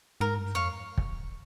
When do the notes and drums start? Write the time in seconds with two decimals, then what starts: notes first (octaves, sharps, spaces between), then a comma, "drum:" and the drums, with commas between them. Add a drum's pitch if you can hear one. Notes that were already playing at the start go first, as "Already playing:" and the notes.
0.20 G#2 A#4
0.39 G2
0.55 F2 C#5 F5
0.98 drum: kick